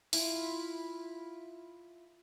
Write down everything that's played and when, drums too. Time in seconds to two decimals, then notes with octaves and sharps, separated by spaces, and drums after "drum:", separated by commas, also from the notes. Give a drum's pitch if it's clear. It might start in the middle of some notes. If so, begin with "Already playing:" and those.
0.13 E4 F4, drum: open hi-hat